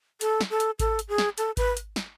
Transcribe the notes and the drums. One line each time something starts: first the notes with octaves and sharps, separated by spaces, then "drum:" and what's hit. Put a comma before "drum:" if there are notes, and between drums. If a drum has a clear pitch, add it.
A4, drum: hi-hat
drum: snare
A4
drum: hi-hat
A4, drum: kick G#1, hi-hat
drum: hi-hat
G#4
drum: snare
A4, drum: hi-hat
B4, drum: kick G#1, hi-hat
drum: hi-hat
drum: snare